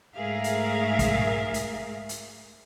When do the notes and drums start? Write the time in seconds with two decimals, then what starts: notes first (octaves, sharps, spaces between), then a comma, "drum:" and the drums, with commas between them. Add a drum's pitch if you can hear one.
0.17 G#2 A3 G#4 A#4 E5 F5
0.44 drum: hi-hat
0.99 drum: kick, hi-hat
1.54 drum: hi-hat
2.09 drum: hi-hat